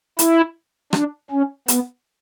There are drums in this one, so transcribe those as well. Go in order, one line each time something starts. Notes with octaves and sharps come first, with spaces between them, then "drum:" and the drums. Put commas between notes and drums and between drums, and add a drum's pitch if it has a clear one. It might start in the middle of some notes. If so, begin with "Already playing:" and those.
E4, drum: hi-hat
D4, drum: rim click
C#4
B3, drum: hi-hat